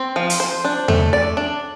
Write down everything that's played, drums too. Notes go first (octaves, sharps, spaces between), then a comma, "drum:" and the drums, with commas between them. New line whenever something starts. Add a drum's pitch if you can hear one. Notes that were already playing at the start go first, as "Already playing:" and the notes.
Already playing: C4
F3
drum: hi-hat
C5
D4
A3, drum: tom E2
D5
D4